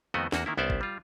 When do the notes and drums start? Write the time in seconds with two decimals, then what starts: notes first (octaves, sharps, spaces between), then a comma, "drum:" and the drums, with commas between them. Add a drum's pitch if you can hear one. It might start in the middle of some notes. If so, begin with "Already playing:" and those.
0.14 F2 D#3 A3 B3 F#4 D#5
0.32 E2 A#3 F#4, drum: snare
0.46 D#3 A#3 E4
0.57 C2 B3 C#4 C5 D5 E5
0.70 drum: kick
0.81 G3 F4